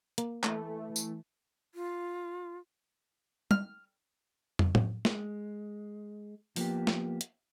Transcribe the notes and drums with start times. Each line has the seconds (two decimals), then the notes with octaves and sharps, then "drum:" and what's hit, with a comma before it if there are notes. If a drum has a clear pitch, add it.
0.18 A#3, drum: hi-hat
0.43 E3 A3, drum: clap
0.96 drum: tambourine
1.75 F4
3.51 F6, drum: tom
4.59 drum: tom
4.75 drum: tom A2
5.05 G#3, drum: snare
6.56 F3 A#3 B3 G4, drum: open hi-hat
6.87 drum: snare
7.21 drum: hi-hat